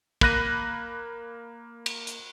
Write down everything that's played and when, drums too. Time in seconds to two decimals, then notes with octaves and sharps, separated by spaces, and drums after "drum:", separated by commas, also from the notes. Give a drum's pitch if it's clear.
0.21 A#3 B5 F#6 A#6 D#7, drum: kick
1.86 drum: cymbal
2.07 drum: hi-hat